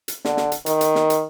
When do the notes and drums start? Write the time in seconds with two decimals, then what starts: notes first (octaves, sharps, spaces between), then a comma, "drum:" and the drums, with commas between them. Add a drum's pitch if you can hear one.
0.08 drum: hi-hat
0.25 D3, drum: snare
0.37 drum: snare
0.52 drum: hi-hat
0.66 D#3, drum: hi-hat
0.81 drum: hi-hat
0.95 drum: snare
1.10 drum: hi-hat